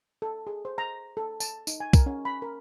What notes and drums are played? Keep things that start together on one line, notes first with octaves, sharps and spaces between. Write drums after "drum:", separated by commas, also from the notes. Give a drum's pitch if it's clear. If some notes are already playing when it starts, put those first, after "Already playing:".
A4
G#4
C5
A#5
A4
A5, drum: tambourine
D#4, drum: tambourine
G#5
A#4, drum: kick, tambourine
C#4
B5
A#4